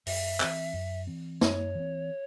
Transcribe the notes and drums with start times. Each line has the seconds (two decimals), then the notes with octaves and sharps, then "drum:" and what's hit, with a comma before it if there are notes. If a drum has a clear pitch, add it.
0.07 F#2 E5, drum: open hi-hat
0.40 E3 C4, drum: clap
0.74 F#2
1.07 E3 C4
1.41 F#2 C#5, drum: snare
1.75 E3 C4